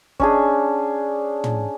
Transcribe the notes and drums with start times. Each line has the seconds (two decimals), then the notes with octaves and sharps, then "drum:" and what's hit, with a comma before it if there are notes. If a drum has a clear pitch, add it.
0.20 C#4 D4 G#4, drum: kick
1.44 drum: tom